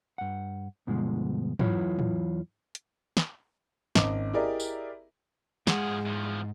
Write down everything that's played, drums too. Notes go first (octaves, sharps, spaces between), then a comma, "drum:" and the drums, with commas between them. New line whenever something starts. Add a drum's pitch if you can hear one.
G2 F#5
D2 G2 B2 F3 G#3
E2 E3 F#3 E4 F4 C#5, drum: tom
drum: tom
drum: hi-hat
drum: snare
G#1 C#4 D#5 D6, drum: snare
E4 G4 G#4 A#4 D5 D#5
drum: tambourine
G#2 F3 G#3 G#4 F#5, drum: snare
E2 F3